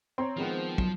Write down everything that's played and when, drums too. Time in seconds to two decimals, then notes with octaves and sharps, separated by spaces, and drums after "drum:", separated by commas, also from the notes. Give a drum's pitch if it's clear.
0.18 C4 C#5 A#5 C6
0.37 D#3 F3 G#3 B3
0.78 F#3, drum: kick